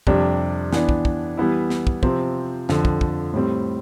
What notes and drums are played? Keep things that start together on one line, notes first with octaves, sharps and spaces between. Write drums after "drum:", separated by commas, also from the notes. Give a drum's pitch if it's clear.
F2 C3 G3 D4, drum: kick
E3 B3 D4, drum: snare
drum: kick
drum: kick
E3 G3 B3 E4
drum: snare
drum: kick
C3 F3 C4, drum: kick
F2 D3 F3, drum: snare
drum: kick
drum: kick
A2 G3 C4